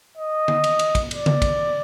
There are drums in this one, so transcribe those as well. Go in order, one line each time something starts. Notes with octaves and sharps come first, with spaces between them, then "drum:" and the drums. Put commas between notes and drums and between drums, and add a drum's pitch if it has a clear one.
D#5
drum: tom D3
drum: cymbal
drum: cymbal
drum: kick, cymbal
D5, drum: cymbal
drum: tom C#3
drum: kick, cymbal